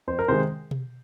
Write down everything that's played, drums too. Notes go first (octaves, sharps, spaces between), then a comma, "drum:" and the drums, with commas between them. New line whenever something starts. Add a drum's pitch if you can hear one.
F2 C5
A#4
C3 D#3 G#3 C5
drum: tom B2